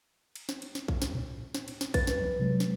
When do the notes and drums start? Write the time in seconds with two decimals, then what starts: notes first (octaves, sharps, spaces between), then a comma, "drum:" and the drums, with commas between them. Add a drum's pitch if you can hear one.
0.36 drum: cymbal
0.49 drum: snare
0.62 drum: cymbal
0.75 drum: snare
0.88 drum: kick A#1
1.02 drum: snare
1.15 drum: tom A2
1.54 drum: snare
1.68 drum: cymbal
1.81 drum: snare
1.94 B4 A6, drum: kick A#1, cymbal
2.07 drum: snare
2.21 drum: tom F3
2.39 C3 F#3 G#3
2.60 drum: snare